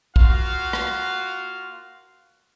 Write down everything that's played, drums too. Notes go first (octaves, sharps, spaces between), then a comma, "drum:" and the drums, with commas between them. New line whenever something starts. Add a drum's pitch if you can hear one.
A#3 F4 F#4 F5, drum: kick
drum: rim click